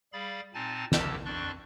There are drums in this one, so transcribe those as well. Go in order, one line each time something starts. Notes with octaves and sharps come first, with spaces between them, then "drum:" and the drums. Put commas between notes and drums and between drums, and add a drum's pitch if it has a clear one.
G3 G#4 F5 B5 A6
A#2 C4 D#4 G#5 A5 A6
D#2 C#3 G4 A5 E6, drum: snare
F2 D4 D5 C6 C#6 F#6